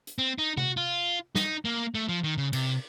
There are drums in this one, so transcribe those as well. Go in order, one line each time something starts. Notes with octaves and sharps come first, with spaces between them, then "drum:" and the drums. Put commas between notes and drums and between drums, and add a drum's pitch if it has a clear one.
drum: hi-hat
C4
D#4
F#4, drum: tom C3
F4
D#4, drum: snare
A#3
A3
F3
D#3
C#3
C3, drum: cymbal